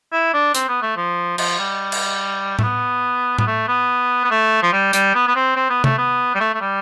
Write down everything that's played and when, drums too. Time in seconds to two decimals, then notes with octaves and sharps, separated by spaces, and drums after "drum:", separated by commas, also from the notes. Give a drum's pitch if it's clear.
0.13 E4
0.34 D4
0.55 C4, drum: hi-hat
0.69 B3
0.82 A3
0.96 F3
1.38 F3, drum: cymbal
1.59 G3
1.92 drum: cymbal
2.59 A3, drum: tom A2
2.63 B3
3.38 B3, drum: tom A2
3.47 A3
3.68 B3
4.24 B3
4.31 A3
4.63 F3
4.73 G3
4.93 G3, drum: hi-hat
5.15 B3
5.28 B3
5.35 C4
5.56 C4
5.70 B3
5.84 A3, drum: tom C3
5.98 B3
6.35 G3
6.40 A3
6.54 A3
6.61 G3